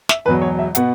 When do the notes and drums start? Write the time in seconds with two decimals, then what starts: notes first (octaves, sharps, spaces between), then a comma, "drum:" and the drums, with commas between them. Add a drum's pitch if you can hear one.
0.09 E5, drum: snare
0.25 E1 E2 B2 F#3 B4
0.42 C#5
0.59 E5
0.75 B2 B3 F#5, drum: hi-hat